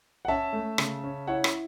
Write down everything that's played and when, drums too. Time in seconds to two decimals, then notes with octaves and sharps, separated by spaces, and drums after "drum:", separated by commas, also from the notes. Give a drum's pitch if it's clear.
0.25 F#5
0.28 C#4 E5 A5
0.53 A3
0.78 C#3, drum: rim click
1.03 C#4
1.27 E4 C#5 F#5
1.44 drum: rim click